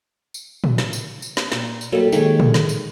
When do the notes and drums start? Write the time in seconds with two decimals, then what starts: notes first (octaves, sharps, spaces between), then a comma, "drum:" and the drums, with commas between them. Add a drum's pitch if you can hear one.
0.34 drum: tambourine
0.64 drum: tom
0.78 drum: snare
0.93 drum: tambourine
1.22 drum: tambourine
1.37 drum: snare
1.52 A#2, drum: snare
1.81 drum: tambourine
1.92 F#3 G3 A#3 A4
2.12 D#3 G#3 A#3 G4 C#5, drum: tambourine
2.40 drum: tom
2.54 drum: snare
2.69 drum: tambourine